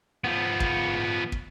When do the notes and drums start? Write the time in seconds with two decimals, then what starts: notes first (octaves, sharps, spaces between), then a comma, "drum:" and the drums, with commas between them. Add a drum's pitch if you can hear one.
0.24 F3 B3
0.60 drum: kick
1.32 drum: kick